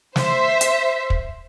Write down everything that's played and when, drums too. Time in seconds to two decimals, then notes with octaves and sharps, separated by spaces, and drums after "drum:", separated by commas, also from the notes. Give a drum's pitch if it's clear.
0.16 C5 E5, drum: snare
0.61 drum: hi-hat
1.10 drum: kick